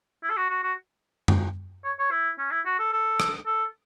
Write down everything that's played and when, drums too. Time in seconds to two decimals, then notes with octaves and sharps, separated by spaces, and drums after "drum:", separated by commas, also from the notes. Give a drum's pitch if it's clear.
0.23 E4
0.30 A4
0.37 F#4
0.50 F#4
0.63 F#4
1.28 drum: tom F#2
1.84 C#5
1.99 C#5
2.11 E4
2.38 C#4
2.51 E4
2.66 F#4
2.79 A4
2.93 A4
3.20 drum: rim click
3.46 A4